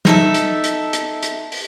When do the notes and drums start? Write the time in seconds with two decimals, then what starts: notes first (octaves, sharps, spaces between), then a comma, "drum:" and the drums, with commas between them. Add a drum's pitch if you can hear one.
0.05 D#4 A4 E5, drum: snare
0.34 drum: hi-hat
0.64 drum: hi-hat
0.93 drum: hi-hat
1.23 drum: hi-hat
1.52 drum: open hi-hat